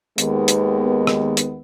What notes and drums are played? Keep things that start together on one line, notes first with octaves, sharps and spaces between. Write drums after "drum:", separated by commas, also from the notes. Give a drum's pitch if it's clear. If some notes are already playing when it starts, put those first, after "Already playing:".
D#2 D#3 G#3 B3, drum: hi-hat
drum: hi-hat
drum: rim click
drum: hi-hat